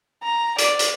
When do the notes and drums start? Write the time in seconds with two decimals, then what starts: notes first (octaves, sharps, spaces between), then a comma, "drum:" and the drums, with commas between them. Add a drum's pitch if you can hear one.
0.23 A#5
0.58 D5, drum: hi-hat
0.79 drum: hi-hat